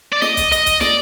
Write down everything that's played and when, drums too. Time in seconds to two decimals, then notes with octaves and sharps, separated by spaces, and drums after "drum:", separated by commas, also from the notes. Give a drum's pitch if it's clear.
0.12 D5
0.22 D#5, drum: snare
0.37 drum: kick B1, hi-hat
0.52 D#5, drum: hi-hat
0.66 drum: kick B1, hi-hat
0.81 D5, drum: snare